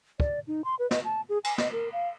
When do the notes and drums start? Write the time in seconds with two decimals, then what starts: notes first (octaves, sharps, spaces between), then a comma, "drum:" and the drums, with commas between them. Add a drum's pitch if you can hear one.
0.20 D5, drum: kick
0.47 D#4
0.65 C6
0.79 B4
0.91 D#5, drum: snare
1.04 A5
1.29 G#4
1.44 G#5, drum: cymbal
1.58 D#5, drum: snare
1.72 A#4
1.93 F5